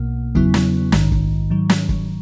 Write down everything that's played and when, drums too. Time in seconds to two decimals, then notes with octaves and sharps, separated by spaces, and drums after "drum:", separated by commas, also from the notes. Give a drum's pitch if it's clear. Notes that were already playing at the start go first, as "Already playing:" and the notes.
Already playing: B1 B2 A#3
0.35 E2 C#3 F#3 B3 E4, drum: kick
0.54 drum: snare
0.92 A#1 G#2 D#3, drum: snare
1.12 drum: kick
1.50 G#2 D#3 F#3
1.69 drum: snare
1.89 drum: kick